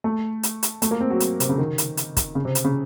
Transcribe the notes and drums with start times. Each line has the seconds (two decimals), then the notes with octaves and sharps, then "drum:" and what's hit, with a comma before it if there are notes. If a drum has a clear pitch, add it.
0.04 A3
0.43 drum: hi-hat
0.63 drum: hi-hat
0.82 A3, drum: hi-hat
0.91 A#3
1.01 C4
1.10 F#3
1.20 drum: hi-hat
1.40 C3, drum: hi-hat
1.49 C#3
1.58 D#3
1.78 drum: hi-hat
1.97 drum: hi-hat
2.17 drum: kick, hi-hat
2.35 C#3
2.45 C3
2.55 drum: hi-hat
2.65 C#3